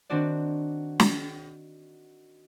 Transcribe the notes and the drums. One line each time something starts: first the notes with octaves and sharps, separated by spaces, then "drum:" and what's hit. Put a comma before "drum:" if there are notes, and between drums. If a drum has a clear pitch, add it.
D#3 C4 D4 F#4 D5
drum: snare